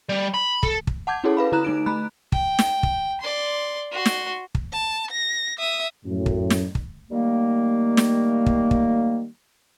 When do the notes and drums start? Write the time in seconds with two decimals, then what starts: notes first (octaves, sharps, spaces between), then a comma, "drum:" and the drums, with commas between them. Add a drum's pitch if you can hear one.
0.09 G3
0.34 B5
0.63 A4, drum: kick
0.87 drum: kick
1.07 F#5 A5 D6 G6 G#6
1.24 C#4 E4 F#4 G#4 A4 C#5
1.37 B4 F5 B5
1.52 D3 E4 B4 A#5 F#6 E7
1.65 A3 D#4 D7
1.86 A3 A#5 B5 F#6
2.32 G5, drum: kick
2.59 drum: snare
2.83 drum: kick
3.21 D5 C6
3.92 F#4 C6
4.06 drum: snare
4.55 drum: kick
4.73 A5
5.11 A#6
5.59 E5 D#6
6.05 F#2 A2
6.26 drum: kick
6.50 drum: snare
6.75 drum: kick
7.11 D#3 G3 A3 A#3
7.97 drum: snare
8.46 drum: kick
8.71 drum: kick